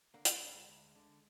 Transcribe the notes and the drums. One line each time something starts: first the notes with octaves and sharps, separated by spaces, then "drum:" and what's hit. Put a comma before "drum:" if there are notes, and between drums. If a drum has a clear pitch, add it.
D3 A#3
drum: hi-hat
D2
G#3
D2
D3